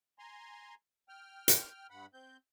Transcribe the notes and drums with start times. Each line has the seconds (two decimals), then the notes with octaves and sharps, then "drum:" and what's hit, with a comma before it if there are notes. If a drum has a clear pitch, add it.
0.19 G#5 A#5 C6
1.09 G5 F6
1.48 drum: hi-hat
1.90 G2 F#5 B5
2.14 C4 G6